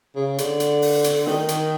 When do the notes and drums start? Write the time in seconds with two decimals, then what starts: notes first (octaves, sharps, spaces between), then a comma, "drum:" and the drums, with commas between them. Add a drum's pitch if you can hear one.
0.16 C#3
0.38 D3, drum: hi-hat
0.60 drum: hi-hat
0.82 drum: open hi-hat
1.04 drum: hi-hat
1.27 D#3, drum: snare
1.48 drum: hi-hat